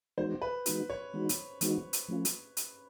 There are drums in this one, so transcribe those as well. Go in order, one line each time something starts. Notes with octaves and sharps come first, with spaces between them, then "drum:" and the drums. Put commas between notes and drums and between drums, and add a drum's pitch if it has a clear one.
E3 G#3 B3 D#4 F#4 C5
B4
E3 G#3 B3 D#4 F#4, drum: hi-hat
C#5
E3 G#3 B3 D#4 F#4
drum: hi-hat
E3 G#3 B3 D#4 F#4, drum: hi-hat
drum: hi-hat
F3 A3 C#4 F4
drum: hi-hat
drum: hi-hat